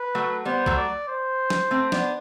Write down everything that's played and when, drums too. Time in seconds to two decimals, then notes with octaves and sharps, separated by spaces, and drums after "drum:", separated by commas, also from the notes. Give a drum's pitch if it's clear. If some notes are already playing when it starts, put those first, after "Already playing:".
Already playing: B4
0.15 F#3 A3
0.45 G3 B3 C5
0.66 F#3 A3, drum: kick B1
0.77 D5
1.08 C5
1.50 drum: snare
1.71 A3 C4
1.92 B3 D4, drum: snare